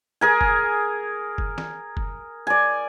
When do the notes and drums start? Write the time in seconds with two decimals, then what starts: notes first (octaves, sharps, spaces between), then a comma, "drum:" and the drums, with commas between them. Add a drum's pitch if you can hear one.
0.21 G#4 A#4 G#5
0.41 drum: kick F#1
1.38 drum: kick F#1
1.58 drum: snare
1.97 drum: kick F#1
2.47 D5 G#5